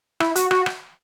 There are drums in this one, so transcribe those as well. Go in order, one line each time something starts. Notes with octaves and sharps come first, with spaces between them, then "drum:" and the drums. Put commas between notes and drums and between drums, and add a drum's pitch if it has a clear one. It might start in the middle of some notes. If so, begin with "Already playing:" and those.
E4, drum: rim click
F#4, drum: hi-hat
F#4, drum: rim click
drum: rim click